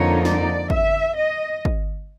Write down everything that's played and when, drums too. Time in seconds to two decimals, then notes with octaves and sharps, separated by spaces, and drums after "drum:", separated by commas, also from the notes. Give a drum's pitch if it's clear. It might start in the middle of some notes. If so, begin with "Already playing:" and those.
Already playing: F2 D3 F3 A#3 D#4 C#5
0.25 D5, drum: snare
0.70 E5, drum: kick
1.16 D#5
1.65 drum: kick